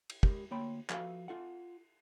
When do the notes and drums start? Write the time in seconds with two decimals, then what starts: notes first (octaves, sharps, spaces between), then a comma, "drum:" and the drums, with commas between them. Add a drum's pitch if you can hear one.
0.10 drum: cymbal
0.23 G#3 G4 A#4, drum: kick
0.51 D2 A#3 C#5 G5 B5 C6
0.89 F3 F#4 A4 B4 E5 F5, drum: clap
1.28 F4 A4 F#5